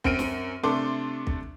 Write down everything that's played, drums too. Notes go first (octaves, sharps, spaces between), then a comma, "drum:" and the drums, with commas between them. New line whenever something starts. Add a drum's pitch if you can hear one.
F#2 C4 F6 D7 D#7, drum: kick
drum: snare
C3 A3 D4 A4 C6 D6
drum: kick